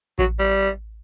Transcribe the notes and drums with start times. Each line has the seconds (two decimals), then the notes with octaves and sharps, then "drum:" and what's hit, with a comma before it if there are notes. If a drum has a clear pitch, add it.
0.19 F#3, drum: kick A1
0.39 G3